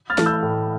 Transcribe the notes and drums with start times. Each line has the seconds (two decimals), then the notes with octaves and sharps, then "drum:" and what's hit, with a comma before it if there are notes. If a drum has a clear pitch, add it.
0.10 F6 A6
0.18 E3 A3, drum: snare
0.26 E6 G6
0.43 A2